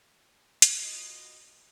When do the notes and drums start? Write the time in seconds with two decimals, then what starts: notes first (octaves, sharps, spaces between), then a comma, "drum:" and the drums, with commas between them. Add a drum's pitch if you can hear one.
0.62 drum: hi-hat
0.78 F4 F#4 B4 D#5